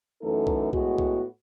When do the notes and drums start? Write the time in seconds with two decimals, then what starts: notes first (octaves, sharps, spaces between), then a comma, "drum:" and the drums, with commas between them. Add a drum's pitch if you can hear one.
0.21 F#2 E3 A3 D#4 A4
0.47 drum: kick B1
0.73 A2 G#3 B3 F#4, drum: kick B1
0.98 drum: kick B1